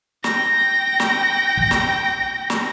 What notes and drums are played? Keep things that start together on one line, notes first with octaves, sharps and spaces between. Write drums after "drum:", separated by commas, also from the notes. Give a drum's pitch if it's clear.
G5 A#6, drum: snare
drum: snare
drum: kick
drum: snare
drum: snare